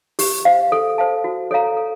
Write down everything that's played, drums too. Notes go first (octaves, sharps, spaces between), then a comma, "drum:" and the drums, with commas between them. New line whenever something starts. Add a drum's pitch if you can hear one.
G4, drum: open hi-hat
C5 F5
A4
C5 F5 A5
F#4
A4 C#5 F5 A#5
A4